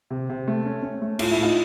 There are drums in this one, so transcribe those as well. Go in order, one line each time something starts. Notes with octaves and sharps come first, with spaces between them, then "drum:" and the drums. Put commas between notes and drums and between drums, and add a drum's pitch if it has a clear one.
C3
C3
A3
C#4
C#4
A3
A2 F4, drum: cymbal
E4
A2
D#4 F4